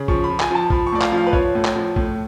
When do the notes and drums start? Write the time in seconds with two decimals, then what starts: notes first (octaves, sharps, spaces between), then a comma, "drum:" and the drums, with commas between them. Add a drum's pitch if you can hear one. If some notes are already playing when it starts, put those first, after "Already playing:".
Already playing: C#3
0.08 F3 C#6, drum: kick
0.24 B5
0.29 F3
0.40 G#5, drum: clap
0.50 F3 A5
0.70 F3 B5, drum: kick
0.87 C#6
0.92 A2 D5
1.02 F5, drum: clap
1.12 F3
1.17 F5
1.26 B4
1.33 F3 C#5, drum: kick
1.55 A2
1.65 drum: clap
1.75 F3
1.96 A2, drum: kick